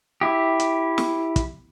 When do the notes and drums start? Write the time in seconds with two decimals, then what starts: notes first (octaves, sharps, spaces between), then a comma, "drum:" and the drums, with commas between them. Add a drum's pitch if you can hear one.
0.21 E4 G4
0.60 drum: hi-hat
0.98 drum: snare
1.36 drum: kick, hi-hat